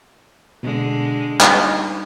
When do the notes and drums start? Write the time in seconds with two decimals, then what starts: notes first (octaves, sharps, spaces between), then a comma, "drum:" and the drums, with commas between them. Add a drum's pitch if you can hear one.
0.63 B2 D3 G#3
1.41 G3 D#4, drum: clap